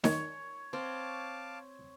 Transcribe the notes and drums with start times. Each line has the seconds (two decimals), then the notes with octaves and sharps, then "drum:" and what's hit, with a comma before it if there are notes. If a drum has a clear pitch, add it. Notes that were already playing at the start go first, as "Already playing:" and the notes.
0.04 D#3 C#5, drum: snare D#4
0.73 C4 F5 A5 D6